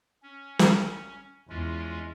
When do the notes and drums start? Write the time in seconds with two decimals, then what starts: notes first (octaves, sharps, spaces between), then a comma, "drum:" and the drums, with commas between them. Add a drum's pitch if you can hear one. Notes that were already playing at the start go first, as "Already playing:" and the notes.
0.23 C#4
0.59 drum: snare
1.50 E2 G#3 C#4 F4